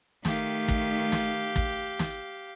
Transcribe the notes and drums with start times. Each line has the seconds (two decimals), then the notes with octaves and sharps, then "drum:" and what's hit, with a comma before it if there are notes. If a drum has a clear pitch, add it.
0.25 D#3 A3 G4 F5, drum: snare
0.68 drum: kick
1.12 drum: snare
1.56 drum: kick
1.99 drum: snare